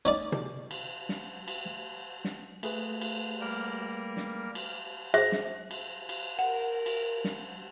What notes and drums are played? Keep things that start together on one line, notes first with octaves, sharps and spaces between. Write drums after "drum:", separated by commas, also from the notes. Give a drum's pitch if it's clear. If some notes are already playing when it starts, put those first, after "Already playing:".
C#4 D#4 D5
drum: tom
drum: cymbal
drum: snare
drum: cymbal
drum: snare
A3 G#4 B4, drum: cymbal
drum: cymbal
G3 A#3 A#4
drum: snare
drum: cymbal
G#4 C5 E5
drum: snare
drum: cymbal
drum: cymbal
A#4 F#5
drum: cymbal
drum: snare